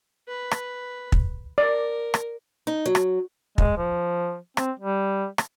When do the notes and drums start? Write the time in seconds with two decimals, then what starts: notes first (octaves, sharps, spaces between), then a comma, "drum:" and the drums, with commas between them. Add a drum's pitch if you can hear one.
0.27 B4
0.51 drum: rim click
1.12 drum: kick
1.58 A#4 D5
2.14 drum: rim click
2.67 D#4
2.86 F#3
2.95 drum: rim click
3.58 G#3, drum: kick
3.77 F3
4.57 C4, drum: rim click
4.79 G3
5.38 drum: rim click